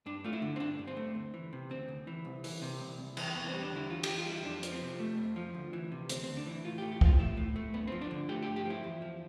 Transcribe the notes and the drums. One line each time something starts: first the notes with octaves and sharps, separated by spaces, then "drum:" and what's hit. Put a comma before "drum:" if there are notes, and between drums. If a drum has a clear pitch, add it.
G2 D4
A3 F4
E4
D3
C4
G2 D4
G2
C4
A3
D2
E3
C3
D2 C4
D2
E3
C2
E3, drum: open hi-hat
C3
C2
C2
E3, drum: cymbal
E2 B3
C4
G3
D4
D3 E4
E2 F4
G4, drum: cymbal
E2
F4
G3
E4
F2 D4
F3, drum: hi-hat
C4
C3
A3
F2
F3
D2
E3
C3
D2 C4, drum: hi-hat
C4
D2
D4
E3 E4
A2 F4
G4
A3
G4
F3 F4, drum: kick
A2 E4
A2
A3
G2 B3
C4
F3
D4
D3
A3 G4
G4
G2
G4
F3 E4
E2
F3